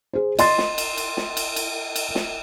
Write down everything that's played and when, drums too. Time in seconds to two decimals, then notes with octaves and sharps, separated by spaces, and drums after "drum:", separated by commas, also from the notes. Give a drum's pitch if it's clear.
0.13 G#4 C5
0.39 D#5 C6 A6, drum: cymbal
0.58 drum: snare
0.78 drum: cymbal
0.97 drum: cymbal
1.17 drum: snare
1.37 drum: cymbal
1.56 drum: cymbal
1.96 drum: cymbal
2.15 drum: snare